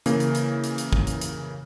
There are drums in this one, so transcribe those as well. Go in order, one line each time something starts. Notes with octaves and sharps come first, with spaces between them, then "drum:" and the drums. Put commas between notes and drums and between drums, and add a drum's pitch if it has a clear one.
C#3 E3 A#3, drum: hi-hat
drum: hi-hat
drum: hi-hat
drum: hi-hat
drum: hi-hat
drum: kick
drum: hi-hat
drum: hi-hat